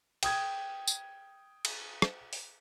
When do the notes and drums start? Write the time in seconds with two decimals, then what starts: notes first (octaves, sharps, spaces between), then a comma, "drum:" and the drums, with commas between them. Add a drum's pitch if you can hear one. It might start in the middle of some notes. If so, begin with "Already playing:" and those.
0.23 G5 D#6 G#6, drum: cymbal
0.88 drum: tambourine
1.65 drum: cymbal
2.02 drum: rim click
2.33 drum: open hi-hat